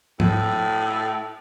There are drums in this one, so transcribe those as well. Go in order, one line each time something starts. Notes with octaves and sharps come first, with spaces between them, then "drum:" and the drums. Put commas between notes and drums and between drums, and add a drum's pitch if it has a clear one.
A2, drum: tom G#2